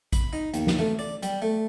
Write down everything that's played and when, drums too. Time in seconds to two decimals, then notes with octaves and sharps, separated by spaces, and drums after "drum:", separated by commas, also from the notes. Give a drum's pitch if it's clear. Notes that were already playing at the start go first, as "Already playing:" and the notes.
0.13 B5, drum: kick A1, hi-hat
0.33 D#4
0.54 D#2, drum: hi-hat
0.67 drum: snare
0.79 A3, drum: tom E3
0.99 D5
1.23 G3, drum: hi-hat
1.42 A3